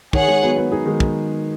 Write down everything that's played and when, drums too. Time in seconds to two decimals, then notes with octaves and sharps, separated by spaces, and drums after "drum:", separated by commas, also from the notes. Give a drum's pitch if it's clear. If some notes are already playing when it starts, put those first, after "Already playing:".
0.13 D#3 G#4 C#5 F#5, drum: kick
0.28 D#3 G#3
0.42 F#3 B3
0.57 F#3 B3
0.72 D#4 G#4
0.86 D#3 G#3
1.00 drum: kick